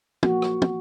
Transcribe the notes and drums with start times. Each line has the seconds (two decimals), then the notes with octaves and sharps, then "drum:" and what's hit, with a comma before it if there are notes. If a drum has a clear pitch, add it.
0.23 F3 A#3 F#4, drum: tom
0.42 drum: rim click
0.62 drum: tom